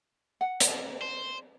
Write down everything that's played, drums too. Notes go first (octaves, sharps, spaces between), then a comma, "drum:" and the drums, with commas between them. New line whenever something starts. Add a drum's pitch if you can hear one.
F#5
drum: hi-hat
C5